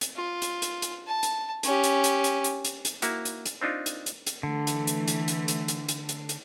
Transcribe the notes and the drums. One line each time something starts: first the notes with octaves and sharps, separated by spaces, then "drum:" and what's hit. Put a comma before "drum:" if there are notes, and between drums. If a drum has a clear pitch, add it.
drum: hi-hat
F4
drum: hi-hat
drum: hi-hat
drum: hi-hat
A5
drum: hi-hat
C#4 G4, drum: hi-hat
drum: hi-hat
drum: hi-hat
drum: hi-hat
drum: hi-hat
drum: hi-hat
drum: hi-hat
A#3 E4 F#4, drum: hi-hat
drum: hi-hat
drum: hi-hat
C4 D4 D#4 F4
drum: hi-hat
drum: hi-hat
drum: hi-hat
D3 E3 A3
drum: hi-hat
drum: hi-hat
drum: hi-hat
drum: hi-hat
drum: hi-hat
drum: hi-hat
drum: hi-hat
drum: hi-hat
drum: hi-hat